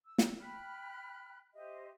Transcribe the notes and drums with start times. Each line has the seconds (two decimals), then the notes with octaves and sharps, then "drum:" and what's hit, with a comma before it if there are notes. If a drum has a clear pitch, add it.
0.06 E6
0.18 drum: snare
0.40 G5 B5 F6 F#6
1.55 G4 C5 D#5 E5